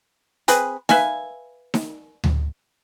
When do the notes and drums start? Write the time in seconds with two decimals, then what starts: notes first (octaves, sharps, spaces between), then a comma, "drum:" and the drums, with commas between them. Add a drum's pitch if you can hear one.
0.48 C4 G#4 B4, drum: hi-hat
0.89 B4 E5 F5 G#5, drum: snare D#4
1.74 drum: snare D#4
2.24 drum: tom D2